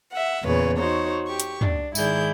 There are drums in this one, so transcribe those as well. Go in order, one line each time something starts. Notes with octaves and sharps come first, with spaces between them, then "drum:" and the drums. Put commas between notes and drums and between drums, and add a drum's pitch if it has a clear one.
E5 F#5
E2 A#2 C#3 B4 C#5
D#4 F#4 C5 C#5
G4 C#6
drum: hi-hat
D4, drum: tom
G#2 D#3 E4 G#4 D5 G6, drum: tambourine